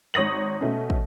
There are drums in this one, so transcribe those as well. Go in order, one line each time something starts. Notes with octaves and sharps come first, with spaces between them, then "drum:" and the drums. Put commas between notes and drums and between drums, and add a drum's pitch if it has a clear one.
G#1 C#5 D#6 A#6 F#7
B2 A3 C#4
drum: kick